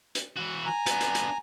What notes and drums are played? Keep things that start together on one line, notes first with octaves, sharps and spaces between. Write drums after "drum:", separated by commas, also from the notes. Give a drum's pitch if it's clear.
drum: hi-hat
E3 F#4
G#5 A#5
B3 D4, drum: hi-hat
drum: hi-hat
drum: hi-hat